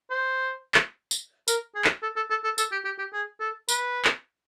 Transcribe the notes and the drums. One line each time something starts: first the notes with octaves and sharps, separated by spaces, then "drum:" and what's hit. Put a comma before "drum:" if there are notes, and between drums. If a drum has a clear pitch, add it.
C5
drum: clap
drum: tambourine
A#4, drum: tambourine
G#4
drum: clap
A4
A4
A4
A4
A4, drum: tambourine
G4
G4
G4
G#4
A4
B4, drum: tambourine
drum: clap